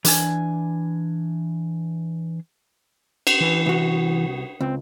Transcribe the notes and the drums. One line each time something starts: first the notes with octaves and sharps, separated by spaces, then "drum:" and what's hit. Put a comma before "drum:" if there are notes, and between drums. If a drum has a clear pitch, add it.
E3 D4 G#5, drum: hi-hat
drum: cymbal
E3
C2 F#4
C#2 C4